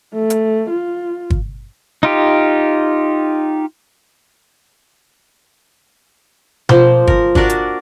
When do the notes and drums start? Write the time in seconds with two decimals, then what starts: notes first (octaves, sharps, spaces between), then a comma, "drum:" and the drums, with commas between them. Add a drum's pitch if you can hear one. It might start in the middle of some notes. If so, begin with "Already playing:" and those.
0.14 A3
0.30 drum: hi-hat
0.70 F4
1.30 drum: kick
2.03 D#4 F4 G4
6.69 F3 A#3 C5, drum: tom B2
7.07 A#4, drum: kick
7.35 D4 F#4 A#4 D5, drum: kick
7.50 drum: hi-hat